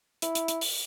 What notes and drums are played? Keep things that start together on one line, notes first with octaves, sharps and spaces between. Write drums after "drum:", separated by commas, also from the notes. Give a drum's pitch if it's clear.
E4, drum: hi-hat
drum: hi-hat
drum: hi-hat
drum: open hi-hat